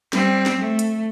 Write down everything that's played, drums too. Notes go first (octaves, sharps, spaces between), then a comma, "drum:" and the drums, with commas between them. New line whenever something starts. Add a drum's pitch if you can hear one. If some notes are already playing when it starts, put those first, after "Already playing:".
G3 C4, drum: snare
drum: snare
A3
drum: hi-hat